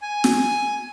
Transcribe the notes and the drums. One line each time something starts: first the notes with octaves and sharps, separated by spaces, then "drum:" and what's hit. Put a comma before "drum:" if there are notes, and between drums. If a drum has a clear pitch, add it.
G#5
drum: snare